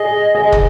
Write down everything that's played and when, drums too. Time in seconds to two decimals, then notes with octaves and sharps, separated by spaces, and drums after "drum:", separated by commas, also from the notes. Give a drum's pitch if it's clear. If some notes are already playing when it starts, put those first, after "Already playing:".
Already playing: G#4 D#5
0.35 G#4
0.52 drum: kick